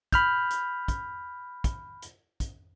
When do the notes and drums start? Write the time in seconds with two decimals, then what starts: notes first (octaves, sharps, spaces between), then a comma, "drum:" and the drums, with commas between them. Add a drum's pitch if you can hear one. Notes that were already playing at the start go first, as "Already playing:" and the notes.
0.12 B5 F6 G6, drum: kick, hi-hat
0.50 drum: hi-hat
0.88 drum: kick, hi-hat
1.64 drum: kick, hi-hat
2.02 drum: hi-hat
2.40 drum: kick, hi-hat